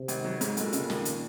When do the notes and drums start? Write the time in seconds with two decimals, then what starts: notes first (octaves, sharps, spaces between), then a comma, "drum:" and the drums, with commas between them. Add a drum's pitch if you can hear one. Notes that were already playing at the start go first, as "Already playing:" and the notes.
Already playing: C3
0.08 G#1, drum: hi-hat
0.24 F#3
0.41 G#2, drum: hi-hat
0.57 F1 A#2, drum: hi-hat
0.73 C#3, drum: hi-hat
0.90 D#2, drum: snare
1.05 drum: hi-hat